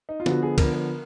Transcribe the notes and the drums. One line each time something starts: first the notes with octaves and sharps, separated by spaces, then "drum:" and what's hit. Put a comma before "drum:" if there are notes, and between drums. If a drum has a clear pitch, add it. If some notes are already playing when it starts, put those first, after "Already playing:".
D#4
F4
D3 F3 B3 F#4, drum: snare
G#4
D3 F3 B3 A#4, drum: kick, cymbal
A#4